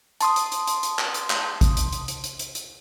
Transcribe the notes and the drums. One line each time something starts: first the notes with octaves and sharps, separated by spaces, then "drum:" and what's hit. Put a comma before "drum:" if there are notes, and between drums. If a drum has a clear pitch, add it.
A5 C6 D#6, drum: hi-hat
drum: hi-hat
drum: hi-hat
drum: hi-hat
drum: hi-hat
drum: clap
drum: hi-hat
drum: clap
drum: kick, hi-hat
drum: hi-hat
drum: hi-hat
drum: hi-hat
drum: hi-hat
drum: hi-hat
drum: hi-hat